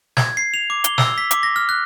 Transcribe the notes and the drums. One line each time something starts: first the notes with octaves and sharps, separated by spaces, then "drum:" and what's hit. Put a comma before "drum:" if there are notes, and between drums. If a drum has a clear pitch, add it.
G#6, drum: snare
C7
F7
D6
G7, drum: hi-hat
E6, drum: snare
B6
D6, drum: hi-hat
A#6
F6
F#6